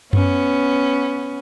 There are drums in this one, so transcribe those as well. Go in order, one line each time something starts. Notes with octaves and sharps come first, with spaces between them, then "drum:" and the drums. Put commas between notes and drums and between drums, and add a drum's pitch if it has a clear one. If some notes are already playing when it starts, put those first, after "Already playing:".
B3 C#4, drum: tom F#2